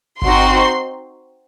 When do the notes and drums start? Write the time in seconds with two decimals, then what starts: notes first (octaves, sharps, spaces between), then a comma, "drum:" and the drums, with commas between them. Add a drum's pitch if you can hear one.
0.22 C4 D#4 F#4 C6, drum: kick G1